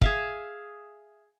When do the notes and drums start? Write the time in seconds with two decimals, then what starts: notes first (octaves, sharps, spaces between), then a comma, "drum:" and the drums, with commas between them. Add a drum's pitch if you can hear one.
0.01 G#4 E5 F5, drum: kick